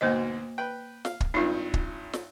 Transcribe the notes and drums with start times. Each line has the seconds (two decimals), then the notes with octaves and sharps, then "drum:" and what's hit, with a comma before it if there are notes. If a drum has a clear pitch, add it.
0.01 D2 G#2 B2 A#3 C5 D#5
0.58 B4 G5
1.05 F5, drum: snare
1.20 drum: kick
1.34 G#1 G2 D#4 F4
1.74 drum: kick
2.13 drum: snare